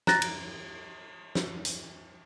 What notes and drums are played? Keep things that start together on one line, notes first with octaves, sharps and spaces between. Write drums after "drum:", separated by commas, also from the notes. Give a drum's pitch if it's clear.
A#5 F#6 A6 A#6, drum: snare
drum: cymbal
drum: snare
drum: hi-hat